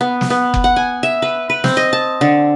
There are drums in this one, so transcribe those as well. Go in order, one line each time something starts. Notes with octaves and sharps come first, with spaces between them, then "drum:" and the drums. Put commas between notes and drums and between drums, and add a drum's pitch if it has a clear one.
B3
drum: snare
B3
drum: kick F#1
F#5
G#5
E5
B4
B4
C4, drum: snare
D#5
A5
D3